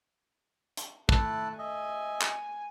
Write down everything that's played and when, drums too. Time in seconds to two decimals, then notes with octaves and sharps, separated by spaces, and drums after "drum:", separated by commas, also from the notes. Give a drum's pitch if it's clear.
0.77 drum: hi-hat
1.09 A3 E4 A5 F#6, drum: kick
1.59 D#5 E5 G#5
2.21 drum: clap